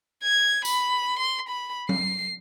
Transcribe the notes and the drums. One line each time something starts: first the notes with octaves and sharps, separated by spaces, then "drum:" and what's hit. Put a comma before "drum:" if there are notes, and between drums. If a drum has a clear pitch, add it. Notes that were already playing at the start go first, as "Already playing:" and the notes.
G#6
B5, drum: tambourine
C6
B5
C7, drum: tom F#3